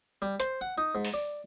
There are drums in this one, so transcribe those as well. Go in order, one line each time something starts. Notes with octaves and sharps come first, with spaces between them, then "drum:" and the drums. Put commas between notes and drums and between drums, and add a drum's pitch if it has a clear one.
G3
C5, drum: hi-hat
F#5
D#4
G#2
drum: open hi-hat
D5